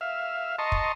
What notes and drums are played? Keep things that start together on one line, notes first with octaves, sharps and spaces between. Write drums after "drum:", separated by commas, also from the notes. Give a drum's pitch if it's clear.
E5 F5
D#5 A5 A#5 C6 C#6
drum: kick